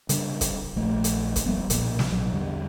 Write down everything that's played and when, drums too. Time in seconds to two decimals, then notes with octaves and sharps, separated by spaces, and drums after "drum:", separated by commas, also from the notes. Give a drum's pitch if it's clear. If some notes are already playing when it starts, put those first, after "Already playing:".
0.09 C#3 G3 A#3 D4, drum: hi-hat
0.41 drum: kick, hi-hat
0.76 A#1 F3 A3
1.04 drum: hi-hat
1.36 drum: kick, hi-hat
1.46 F2 G3 A#3 B3
1.70 B1 A#2 F3, drum: hi-hat
1.99 drum: snare
2.11 A#1 F#3
2.33 E2 D3 G3